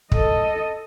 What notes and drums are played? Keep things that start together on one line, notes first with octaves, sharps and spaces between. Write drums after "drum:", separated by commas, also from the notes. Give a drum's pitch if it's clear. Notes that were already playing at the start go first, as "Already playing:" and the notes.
A4 D#5, drum: kick